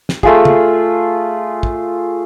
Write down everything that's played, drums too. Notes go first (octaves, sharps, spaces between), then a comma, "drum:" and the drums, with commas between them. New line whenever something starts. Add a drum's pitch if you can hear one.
drum: snare
A3 F4 G#4, drum: kick
drum: tom
drum: kick